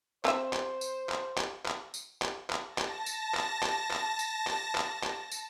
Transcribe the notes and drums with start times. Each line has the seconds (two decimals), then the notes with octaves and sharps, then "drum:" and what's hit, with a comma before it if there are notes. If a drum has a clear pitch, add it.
0.25 C4 C5 E5, drum: clap
0.53 drum: clap
0.81 drum: tambourine
1.09 drum: clap
1.38 drum: clap
1.66 drum: clap
1.94 drum: tambourine
2.22 drum: clap
2.50 drum: clap
2.69 A5 A#6
2.78 drum: clap
3.06 drum: tambourine
3.35 drum: clap
3.63 drum: clap
3.91 drum: clap
4.19 drum: tambourine
4.47 drum: clap
4.75 drum: clap
5.03 drum: clap
5.32 drum: tambourine